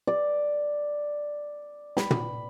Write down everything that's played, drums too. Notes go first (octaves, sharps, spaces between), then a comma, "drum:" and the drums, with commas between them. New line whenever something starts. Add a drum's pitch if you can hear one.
D5
B5, drum: snare
drum: tom